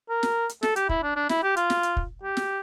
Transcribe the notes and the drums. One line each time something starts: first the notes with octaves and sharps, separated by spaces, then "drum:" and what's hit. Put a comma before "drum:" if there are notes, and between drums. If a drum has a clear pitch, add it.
A#4
drum: snare
drum: hi-hat
A4, drum: snare
G4, drum: hi-hat
E4, drum: kick
D4
D4
E4, drum: snare
G4
F4, drum: hi-hat
drum: snare
drum: hi-hat
drum: kick
G4
drum: snare